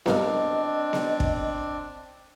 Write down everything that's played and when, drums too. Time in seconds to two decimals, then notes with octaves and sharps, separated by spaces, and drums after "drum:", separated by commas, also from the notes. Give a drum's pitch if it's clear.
0.06 E2 G2 C4 D4 A#4 D#5, drum: snare B3
0.93 drum: snare B3
1.20 drum: kick